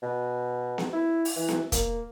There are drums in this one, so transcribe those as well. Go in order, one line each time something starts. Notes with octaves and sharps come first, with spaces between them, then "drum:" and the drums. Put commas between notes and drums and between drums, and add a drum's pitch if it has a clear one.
B2
drum: snare B3
E4
drum: open hi-hat
E3
drum: snare B3
A#3, drum: kick, hi-hat